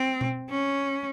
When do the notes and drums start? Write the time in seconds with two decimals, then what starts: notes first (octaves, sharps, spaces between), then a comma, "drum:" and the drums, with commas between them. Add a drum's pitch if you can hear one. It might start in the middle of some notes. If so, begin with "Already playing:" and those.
Already playing: C4
0.21 drum: tom B2
0.50 C#4